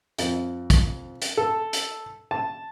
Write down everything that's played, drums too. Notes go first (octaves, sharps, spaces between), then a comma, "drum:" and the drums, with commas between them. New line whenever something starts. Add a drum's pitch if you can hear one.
F2, drum: hi-hat
drum: kick, hi-hat
drum: hi-hat
A4
drum: hi-hat
A5